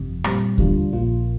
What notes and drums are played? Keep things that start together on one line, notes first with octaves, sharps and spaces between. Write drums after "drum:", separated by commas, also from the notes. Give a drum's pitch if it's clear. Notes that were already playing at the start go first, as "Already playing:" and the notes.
Already playing: G1 F2 C3
A#2 G3 C4, drum: rim click
D2 D3 G3 D4 F4, drum: kick D#2
A#1 A#2 F3 A#3 F4